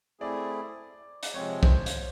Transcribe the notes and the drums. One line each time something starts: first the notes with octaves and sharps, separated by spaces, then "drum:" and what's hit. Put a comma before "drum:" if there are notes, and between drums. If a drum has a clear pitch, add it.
A3 C4 E4 G#4 D5
drum: hi-hat
C3 F3 G#3 C4 C#5
C5, drum: kick
drum: hi-hat